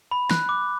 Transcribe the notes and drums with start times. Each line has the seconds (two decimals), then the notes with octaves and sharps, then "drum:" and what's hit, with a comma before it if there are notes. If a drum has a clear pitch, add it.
0.11 B5
0.31 F#6, drum: snare
0.49 D6